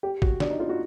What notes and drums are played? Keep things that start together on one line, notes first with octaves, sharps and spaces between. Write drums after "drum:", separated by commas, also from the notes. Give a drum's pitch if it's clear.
G4
F#4, drum: kick
D4, drum: snare
D#4
F4
F#4